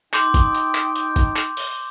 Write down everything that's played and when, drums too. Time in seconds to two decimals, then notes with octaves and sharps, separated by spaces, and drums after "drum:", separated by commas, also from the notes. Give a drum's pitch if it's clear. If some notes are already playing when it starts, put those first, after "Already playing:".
0.14 D#4 G5 C6 D6 G6, drum: clap
0.34 drum: kick G1, hi-hat
0.55 drum: hi-hat
0.75 drum: clap
0.96 drum: hi-hat
1.16 drum: kick G1, hi-hat
1.37 drum: clap
1.57 drum: open hi-hat